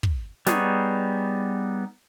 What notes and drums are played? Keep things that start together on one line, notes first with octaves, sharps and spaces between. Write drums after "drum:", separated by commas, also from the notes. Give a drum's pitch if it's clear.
drum: kick
G3 B3 D#4 G#4 C#5, drum: snare